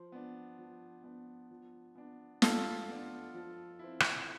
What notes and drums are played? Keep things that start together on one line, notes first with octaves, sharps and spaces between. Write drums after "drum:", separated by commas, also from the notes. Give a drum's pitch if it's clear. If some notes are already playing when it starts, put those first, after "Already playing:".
Already playing: F3 C5
B3 D4
F3
B3 D4
F3
B3 D4
F3 F4 A4, drum: snare
B3 D4
F3
C4 E4
drum: rim click